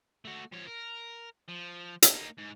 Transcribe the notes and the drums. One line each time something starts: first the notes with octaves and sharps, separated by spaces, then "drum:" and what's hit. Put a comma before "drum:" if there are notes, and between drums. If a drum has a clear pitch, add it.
A3 F#4
F3 C#5
A#4
F3
drum: hi-hat
A#3 D#4
G#2